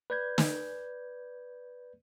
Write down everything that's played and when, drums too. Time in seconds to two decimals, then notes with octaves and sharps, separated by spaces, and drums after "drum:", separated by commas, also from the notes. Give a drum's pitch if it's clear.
0.10 B4 D5 G6 G#6
0.38 drum: snare